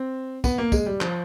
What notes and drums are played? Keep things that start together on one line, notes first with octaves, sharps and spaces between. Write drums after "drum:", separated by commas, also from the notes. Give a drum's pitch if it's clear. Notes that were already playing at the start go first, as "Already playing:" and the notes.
Already playing: C4
B3, drum: kick, tambourine
A#3
G#3, drum: kick, tambourine
G3
F3, drum: clap